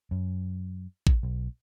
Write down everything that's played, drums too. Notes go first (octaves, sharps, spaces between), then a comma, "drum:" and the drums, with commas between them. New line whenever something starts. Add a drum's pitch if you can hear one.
F#2
drum: kick
B1